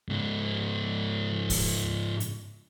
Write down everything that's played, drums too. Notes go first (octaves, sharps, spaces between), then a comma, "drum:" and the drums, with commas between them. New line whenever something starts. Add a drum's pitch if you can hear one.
G#2 C#3
drum: kick D2, open hi-hat
drum: hi-hat